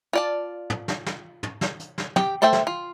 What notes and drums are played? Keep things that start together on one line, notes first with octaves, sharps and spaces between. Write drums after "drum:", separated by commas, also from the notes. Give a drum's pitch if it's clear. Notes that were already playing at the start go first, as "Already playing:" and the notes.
F4 D5 A5
drum: tom
drum: snare
drum: snare
drum: tom
drum: snare
drum: hi-hat
drum: snare
G4 G5, drum: tom
A3 A4 C5 E5 G5
drum: snare
F4